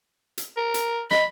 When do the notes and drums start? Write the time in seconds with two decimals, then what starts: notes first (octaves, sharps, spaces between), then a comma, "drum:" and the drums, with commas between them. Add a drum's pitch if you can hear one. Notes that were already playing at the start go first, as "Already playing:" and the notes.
0.38 drum: hi-hat
0.57 A#4
0.74 drum: hi-hat
1.11 D#5 B5, drum: snare